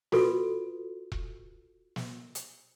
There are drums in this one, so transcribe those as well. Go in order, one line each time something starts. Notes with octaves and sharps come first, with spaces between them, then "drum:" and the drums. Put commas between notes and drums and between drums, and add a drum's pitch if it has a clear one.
F4 F#4 A4 B4, drum: snare
drum: kick E1
drum: snare
drum: hi-hat